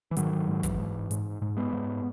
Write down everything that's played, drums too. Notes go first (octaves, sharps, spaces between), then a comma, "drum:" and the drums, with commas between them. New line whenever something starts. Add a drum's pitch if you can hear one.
E3
G#2 D#3 F#3, drum: hi-hat
G#2
E3, drum: kick, hi-hat
G#2
G#2, drum: hi-hat
G#2
G#3 B3
G#2